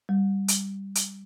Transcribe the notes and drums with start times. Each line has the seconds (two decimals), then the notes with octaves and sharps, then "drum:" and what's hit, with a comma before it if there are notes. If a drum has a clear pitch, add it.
0.09 G3
0.48 drum: hi-hat
0.95 drum: hi-hat